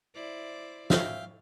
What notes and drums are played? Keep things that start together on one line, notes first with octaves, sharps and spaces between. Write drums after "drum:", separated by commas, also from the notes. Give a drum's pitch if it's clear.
E4 C5 D5
E5 F5 G5, drum: snare